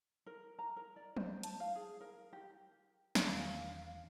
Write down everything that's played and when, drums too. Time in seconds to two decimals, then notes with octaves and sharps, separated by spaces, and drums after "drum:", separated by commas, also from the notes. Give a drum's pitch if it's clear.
0.26 A#4
0.59 A#5
0.76 A#4
0.96 D5
1.17 C5, drum: tom
1.43 A5, drum: hi-hat
1.60 F5
1.75 G#4
2.01 A#4
2.33 G4
3.15 drum: snare
3.27 E1 D#3 E3 F5